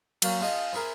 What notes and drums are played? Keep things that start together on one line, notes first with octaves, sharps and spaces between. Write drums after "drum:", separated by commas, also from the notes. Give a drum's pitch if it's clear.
F#3 A#3 C#4, drum: cymbal
C4 F4 G#4 D#5 A5
C4 E4 G#4 A#4